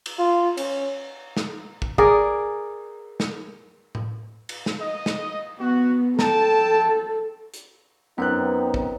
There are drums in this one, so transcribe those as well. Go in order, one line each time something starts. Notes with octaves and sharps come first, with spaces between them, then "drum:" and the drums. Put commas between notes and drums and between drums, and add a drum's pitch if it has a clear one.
drum: cymbal
F4
C#4, drum: cymbal
drum: snare
drum: kick
G#4 A#4 D5, drum: kick
drum: snare
drum: tom A2
drum: cymbal
drum: snare
D#5
drum: snare
B3 F#4
A4 G5 A5, drum: snare
drum: hi-hat
F#2 B3 C4 D#4 B4 C#5 G5 F#6
drum: kick